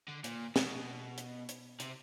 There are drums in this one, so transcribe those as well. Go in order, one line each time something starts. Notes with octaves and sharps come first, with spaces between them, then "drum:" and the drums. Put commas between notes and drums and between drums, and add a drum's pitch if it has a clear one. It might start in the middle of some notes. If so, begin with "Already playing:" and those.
D3
A#2, drum: hi-hat
B2, drum: snare
drum: hi-hat
drum: hi-hat
C3, drum: hi-hat